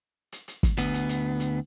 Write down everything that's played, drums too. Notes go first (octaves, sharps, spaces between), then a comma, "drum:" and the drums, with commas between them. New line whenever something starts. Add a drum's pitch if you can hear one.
drum: hi-hat
drum: hi-hat
drum: kick, hi-hat
D2 B3, drum: hi-hat
drum: hi-hat
drum: hi-hat
drum: hi-hat